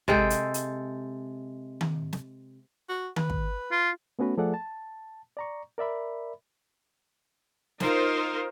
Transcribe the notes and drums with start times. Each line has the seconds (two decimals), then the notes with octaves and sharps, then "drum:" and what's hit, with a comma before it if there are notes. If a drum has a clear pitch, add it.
0.08 C3 G#3 A4 G5, drum: kick
0.30 drum: hi-hat
0.54 drum: hi-hat
1.81 drum: tom D#3
2.13 drum: snare
2.89 F#4
3.16 B4, drum: tom D#3
3.30 drum: kick
3.71 F4
4.19 A3 B3 C#4 F#4 B4
4.37 F3 A3 G#4 A4 D5 F#5
4.54 A5
5.37 D5 A#5 C#6
5.78 A#4 D5 E5 B5
7.80 D#4 F4 A#4 C5, drum: snare